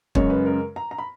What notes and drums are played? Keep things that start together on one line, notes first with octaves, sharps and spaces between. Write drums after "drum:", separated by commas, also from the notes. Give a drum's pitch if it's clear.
F#2 C#3 G#3 C#5, drum: kick
B4
A#4
A#5
A#5
B5